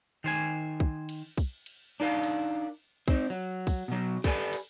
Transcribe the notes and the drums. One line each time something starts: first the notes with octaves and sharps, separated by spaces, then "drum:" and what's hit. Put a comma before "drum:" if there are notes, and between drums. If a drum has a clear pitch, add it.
D#3 C5 G#5
drum: kick
drum: cymbal
drum: kick, cymbal
drum: cymbal
D4 D#4 A#4 F5
drum: cymbal
C4 D#4, drum: kick, cymbal
F#3
drum: kick, cymbal
B2 F#3
G4 A4 B4 D5 E5 G#5, drum: kick, cymbal
drum: cymbal